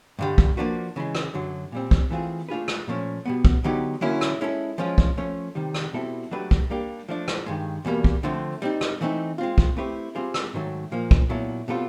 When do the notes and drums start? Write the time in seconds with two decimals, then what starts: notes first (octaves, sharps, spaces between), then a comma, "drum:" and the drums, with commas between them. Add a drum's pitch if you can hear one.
0.19 G2 D3 G3
0.38 drum: kick
0.57 F3 A#3 D4 F#4 B4
0.96 C#3 E3 G#3
1.15 drum: rim click
1.34 F#2 D3 F#3
1.72 A#2 G3 C4
1.91 drum: kick
2.11 E3 A3 C4 F4 G#4
2.49 A3 D4 F4 G#4 B4
2.68 drum: rim click
2.87 A#2 F3 A3 C#4
3.26 B2 G3 B3
3.45 drum: kick
3.64 D3 F#3 B3 D#4 G4
4.01 D3 F#3 A#3 C#4 E4
4.21 drum: rim click
4.41 G#3 C#4 E4 A4
4.78 F3 G#3 C#4 F4
4.98 drum: kick
5.17 F3 A3 C#4
5.55 C3 D#3 G3
5.75 drum: rim click
5.93 B2 G3 C4 E4 A4
6.31 F#3 A3 D4 G4 B4
6.51 drum: kick
6.70 G3 A#3 D4 G4
7.09 F3 A3 D4
7.28 drum: rim click
7.46 G2 D#3 G#3
7.85 E2 B2 G3 A#3
8.04 drum: kick
8.23 D3 F3 A3 C4
8.62 G3 C4 D#4
8.81 drum: rim click
9.01 E3 A3 C4 D#4
9.38 G#3 C4 F4
9.58 drum: kick
9.77 A3 C4 E4 G4 B4
10.15 G3 C4 F4 G#4 C5
10.34 drum: rim click
10.53 G#2 D#3 F#3 A3
10.92 A#2 F3 A#3
11.11 drum: kick
11.30 A#2 F#3 B3 E4 A4
11.68 B2 G3 C4 F4 A4